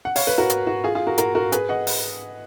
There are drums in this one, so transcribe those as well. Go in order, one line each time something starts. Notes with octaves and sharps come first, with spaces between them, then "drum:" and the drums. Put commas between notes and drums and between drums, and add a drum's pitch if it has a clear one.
F#5
C#5 F5, drum: open hi-hat
B4
F#4 A#4
drum: hi-hat
F#4
F4 G#4
F4 G#4
F#4 A#4
F#4 A#4, drum: hi-hat
F#4 A#4
G#4 B4, drum: hi-hat
D#5 F#5
drum: open hi-hat